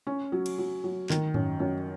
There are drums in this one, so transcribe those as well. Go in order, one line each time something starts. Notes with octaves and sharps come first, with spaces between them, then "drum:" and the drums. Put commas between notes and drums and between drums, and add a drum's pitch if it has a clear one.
C#4
F#3
drum: cymbal
F#3
F#3
D#3, drum: clap
F#2, drum: tom G#2
F#2